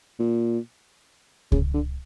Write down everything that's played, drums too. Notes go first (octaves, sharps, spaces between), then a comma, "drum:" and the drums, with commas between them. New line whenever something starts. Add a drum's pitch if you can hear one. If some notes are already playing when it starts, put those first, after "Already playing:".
A#2
C#3, drum: kick C#2
D3